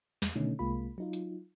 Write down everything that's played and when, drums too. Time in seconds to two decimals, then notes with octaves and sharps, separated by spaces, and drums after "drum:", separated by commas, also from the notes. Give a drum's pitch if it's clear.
0.22 E2, drum: snare
0.35 B2 D3 D#3 A3 C#4 D#4
0.59 C2 C3 G#3 A#3 F4 B5
0.98 F#3 D#4 F4
1.13 drum: hi-hat